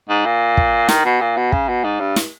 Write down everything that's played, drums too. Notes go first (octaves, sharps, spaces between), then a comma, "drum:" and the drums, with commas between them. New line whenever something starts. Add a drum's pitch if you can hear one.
G#2
A#2
drum: kick
D#3, drum: snare
B2
A#2
B2
C#3, drum: kick
B2
G#2
G2
drum: snare